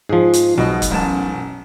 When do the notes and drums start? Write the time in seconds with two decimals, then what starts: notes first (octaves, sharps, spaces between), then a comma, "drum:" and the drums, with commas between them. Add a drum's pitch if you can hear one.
0.09 G#2 F3 G#4
0.33 drum: hi-hat
0.58 B1 B2 D#5
0.82 drum: kick, hi-hat
0.91 A1 F#2 A5